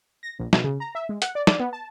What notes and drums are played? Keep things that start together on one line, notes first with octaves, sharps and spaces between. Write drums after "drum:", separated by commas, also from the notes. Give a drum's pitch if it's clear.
A#6
A#1
B2, drum: snare
C#3
A#5
E5
G#3
F#5, drum: hi-hat
D5
D5, drum: snare
B3
A5